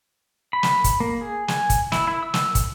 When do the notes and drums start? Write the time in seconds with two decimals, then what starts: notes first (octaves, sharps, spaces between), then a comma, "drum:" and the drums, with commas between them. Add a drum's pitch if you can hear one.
0.53 B5
0.63 drum: snare
0.84 drum: kick, hi-hat
1.00 A#3
1.21 G#4
1.48 G#5, drum: snare
1.70 drum: kick, hi-hat
1.92 E4, drum: snare
2.07 E4
2.23 E6
2.34 drum: snare
2.55 drum: kick, hi-hat